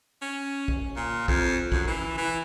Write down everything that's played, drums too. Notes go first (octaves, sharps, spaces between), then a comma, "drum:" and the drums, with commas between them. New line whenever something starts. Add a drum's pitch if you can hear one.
C#4
drum: kick
A#2
F2, drum: kick
F#2, drum: kick
E3
E3